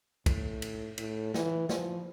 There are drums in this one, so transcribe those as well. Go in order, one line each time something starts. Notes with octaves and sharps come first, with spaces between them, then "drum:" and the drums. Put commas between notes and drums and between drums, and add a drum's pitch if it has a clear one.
A2, drum: kick, cymbal
drum: cymbal
A2, drum: cymbal
E3, drum: snare
F3, drum: snare